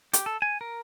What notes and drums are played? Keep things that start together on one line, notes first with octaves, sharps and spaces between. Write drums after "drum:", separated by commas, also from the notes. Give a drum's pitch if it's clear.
G4, drum: hi-hat
A4
G#5
A#4